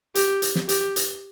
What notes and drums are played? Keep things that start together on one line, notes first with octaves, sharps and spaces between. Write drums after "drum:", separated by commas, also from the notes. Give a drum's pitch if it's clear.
G4, drum: hi-hat
drum: hi-hat
drum: snare
G4, drum: hi-hat
drum: hi-hat